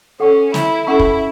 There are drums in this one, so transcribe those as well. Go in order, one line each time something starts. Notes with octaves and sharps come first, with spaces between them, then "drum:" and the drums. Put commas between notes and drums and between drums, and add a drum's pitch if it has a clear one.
C#4 A4 F#5 C#6
E4, drum: snare
C#4 E4 A4 F#5 A5 C#6
drum: kick